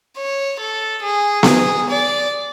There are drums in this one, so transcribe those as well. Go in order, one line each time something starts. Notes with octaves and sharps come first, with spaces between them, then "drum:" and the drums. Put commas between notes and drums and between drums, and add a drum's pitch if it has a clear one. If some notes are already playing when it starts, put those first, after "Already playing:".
C#5
A4
G#4
drum: snare B3
D5